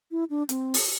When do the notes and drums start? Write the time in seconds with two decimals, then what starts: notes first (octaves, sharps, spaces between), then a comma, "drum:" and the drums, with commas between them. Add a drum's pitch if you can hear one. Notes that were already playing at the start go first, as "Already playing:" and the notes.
0.11 E4
0.30 D4
0.49 C4, drum: hi-hat
0.74 drum: open hi-hat